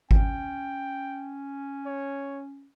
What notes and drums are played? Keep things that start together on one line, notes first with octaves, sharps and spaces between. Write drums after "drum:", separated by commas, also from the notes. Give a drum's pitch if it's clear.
C#4 G5, drum: kick G#1
C#5